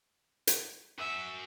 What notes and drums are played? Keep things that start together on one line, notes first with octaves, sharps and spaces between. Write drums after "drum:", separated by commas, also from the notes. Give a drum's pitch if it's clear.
drum: hi-hat
F#4 E5 G#5